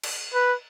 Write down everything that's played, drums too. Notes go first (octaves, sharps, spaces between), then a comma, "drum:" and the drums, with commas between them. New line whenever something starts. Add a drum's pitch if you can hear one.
drum: cymbal
B4